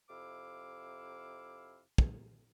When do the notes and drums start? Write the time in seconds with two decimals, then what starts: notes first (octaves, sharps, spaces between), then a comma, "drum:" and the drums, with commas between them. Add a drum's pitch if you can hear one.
0.09 F2 C3 E4 F5 D6
1.98 drum: kick